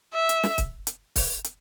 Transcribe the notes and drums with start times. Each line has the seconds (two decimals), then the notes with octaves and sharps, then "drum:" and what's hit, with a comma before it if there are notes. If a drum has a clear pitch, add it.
0.14 E5
0.29 drum: hi-hat
0.43 drum: snare
0.58 drum: kick C#1, hi-hat
0.87 drum: hi-hat
1.16 drum: kick C#1, open hi-hat
1.44 drum: hi-hat